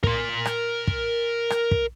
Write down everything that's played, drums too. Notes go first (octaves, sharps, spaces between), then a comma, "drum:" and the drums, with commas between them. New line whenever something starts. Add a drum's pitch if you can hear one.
A#4 C6, drum: kick
drum: rim click
drum: kick
drum: rim click
drum: kick